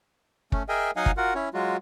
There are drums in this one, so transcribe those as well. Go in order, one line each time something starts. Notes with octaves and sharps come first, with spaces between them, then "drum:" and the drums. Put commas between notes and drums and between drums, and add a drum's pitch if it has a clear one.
A3 C#4, drum: kick
G#4 A#4 D#5 E5 G5 G#5
F#3 D#4 D#5 F5 F#5 G#5
drum: kick
F4 F#4 A#4 F#5
C#4 E4 C#5
F#3 G#3 F4 F#4